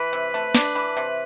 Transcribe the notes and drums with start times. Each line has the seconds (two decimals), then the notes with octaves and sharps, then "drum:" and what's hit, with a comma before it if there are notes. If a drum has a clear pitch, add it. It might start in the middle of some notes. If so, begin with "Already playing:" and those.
Already playing: E3 B4
0.13 C3
0.34 A3
0.55 D4, drum: snare
0.75 E3
0.97 C3